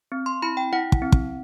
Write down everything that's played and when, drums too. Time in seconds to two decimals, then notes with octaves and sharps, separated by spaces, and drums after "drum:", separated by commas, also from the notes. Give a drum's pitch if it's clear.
0.12 C4
0.26 C6
0.42 E4 B5
0.57 G5
0.73 E4 F#5
0.92 drum: kick
1.02 C4
1.12 drum: kick